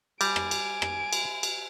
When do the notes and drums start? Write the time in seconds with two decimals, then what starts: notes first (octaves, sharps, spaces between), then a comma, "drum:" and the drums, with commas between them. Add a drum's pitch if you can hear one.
0.21 G3 G#5 D7, drum: cymbal
0.36 drum: rim click
0.51 drum: cymbal
0.82 drum: rim click
1.13 drum: cymbal
1.43 drum: cymbal